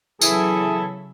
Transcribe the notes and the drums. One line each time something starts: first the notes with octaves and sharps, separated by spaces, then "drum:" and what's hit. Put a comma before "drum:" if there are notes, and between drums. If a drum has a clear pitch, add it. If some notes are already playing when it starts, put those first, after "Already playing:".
C#3 E3 F#3 B3 E4 G#4 A4, drum: tambourine